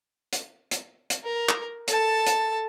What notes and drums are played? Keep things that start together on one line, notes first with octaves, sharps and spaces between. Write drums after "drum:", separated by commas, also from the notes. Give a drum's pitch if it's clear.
drum: hi-hat
drum: hi-hat
drum: hi-hat
A#4
drum: clap
A4 A5, drum: hi-hat
drum: hi-hat